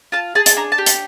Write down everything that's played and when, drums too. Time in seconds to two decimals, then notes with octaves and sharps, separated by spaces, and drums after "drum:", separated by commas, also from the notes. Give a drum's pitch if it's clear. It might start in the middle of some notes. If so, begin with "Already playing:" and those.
0.12 F4 A5
0.35 G#4 A5
0.46 A5, drum: hi-hat
0.57 D4 A#5
0.72 A5
0.78 G4
0.86 A5, drum: hi-hat